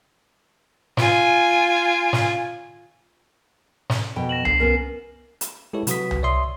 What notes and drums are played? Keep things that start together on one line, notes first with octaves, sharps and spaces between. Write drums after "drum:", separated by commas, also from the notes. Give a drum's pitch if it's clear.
F4 G#5, drum: snare
drum: snare
drum: snare
F2 B2 G5
A#6 E7 F#7
D2 C7, drum: tom C2
B3 C#4 A#4
drum: hi-hat
G#3 E4 G4 A4 B4 C#5
C3 F#3 F#4 B4 D#6 B6, drum: hi-hat
drum: tom C2
C#5 D5 E5 C6 D#6